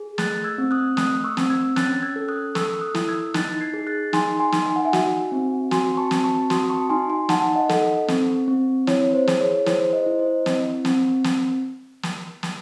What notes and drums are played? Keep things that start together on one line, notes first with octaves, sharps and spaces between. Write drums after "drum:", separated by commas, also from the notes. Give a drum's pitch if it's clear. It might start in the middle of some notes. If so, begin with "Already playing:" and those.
Already playing: G#4
A3 F#6 A6, drum: snare
E6 G#6
C4
D#6 F#6
A3 D#6 F#6, drum: snare
C#6 E6
C4, drum: snare
E6 G#6
C#4 F#6 A6, drum: snare
E6 G#6
A4
D#6 F#6
A4 C#6 E6, drum: snare
D#6 F#6
E4, drum: snare
E6 G#6
D#4 F#6 A6, drum: snare
G#6 C7
G#4
F#6 A6
D#4 G#5 C6, drum: snare
G#5 C6
D#4, drum: snare
G#5
F#5
E5 G#5
F#4, drum: snare
C4
F#4 G#5 C6, drum: snare
A5 C#6
C4, drum: snare
A5 C#6
F#4 C6 D#6, drum: snare
A5 C#6
D#4 G#5 C6
G#5 C6
D#4 F#5 A5, drum: snare
D#5 F#5
A4, drum: snare
C4, drum: snare
C4
E4 C#5, drum: snare
C5
G#4, drum: snare
C#5
E4 C5, drum: snare
C5
C5 D#5
E4
C5 D#5
C4, drum: snare
C4, drum: snare
drum: snare
drum: snare
drum: snare